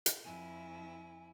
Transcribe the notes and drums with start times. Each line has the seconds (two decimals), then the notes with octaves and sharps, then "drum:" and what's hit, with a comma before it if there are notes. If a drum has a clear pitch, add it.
0.06 drum: hi-hat
0.25 F2 E4 G#5